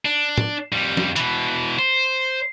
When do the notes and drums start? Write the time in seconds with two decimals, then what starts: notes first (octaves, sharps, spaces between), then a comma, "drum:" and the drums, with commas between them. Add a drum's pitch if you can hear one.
0.05 D4
0.38 drum: tom
0.72 F2 G3
0.97 drum: snare
1.16 B2 E3, drum: hi-hat
1.79 C5